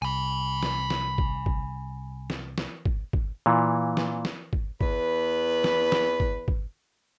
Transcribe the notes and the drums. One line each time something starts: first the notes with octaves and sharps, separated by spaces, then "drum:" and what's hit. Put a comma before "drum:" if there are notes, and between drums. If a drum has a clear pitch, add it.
C2 G#5 B5
drum: snare
drum: snare
drum: kick G#1
drum: kick G#1
drum: snare
drum: snare
drum: kick G#1
drum: kick G#1
A#2 E3
drum: snare
drum: snare
drum: kick G#1
E2 B4, drum: kick G#1
drum: snare
drum: snare
drum: kick G#1
drum: kick G#1